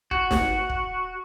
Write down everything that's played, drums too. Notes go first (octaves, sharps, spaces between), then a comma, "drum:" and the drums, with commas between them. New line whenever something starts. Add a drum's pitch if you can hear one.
F#4, drum: kick
drum: snare
drum: kick